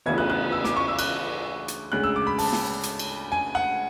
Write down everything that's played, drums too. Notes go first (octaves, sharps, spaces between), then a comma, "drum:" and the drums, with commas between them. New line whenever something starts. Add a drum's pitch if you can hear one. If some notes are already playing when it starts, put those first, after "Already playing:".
D2 C#3 E3 B3 G#6, drum: cymbal
F#6
F#6
E6
D6, drum: snare
C#6
E6
F#6, drum: cymbal
drum: hi-hat
D2 C#3 G#3 F#6
E6
D6
B5
A5, drum: open hi-hat
drum: snare
drum: hi-hat
drum: cymbal
G#5
F#5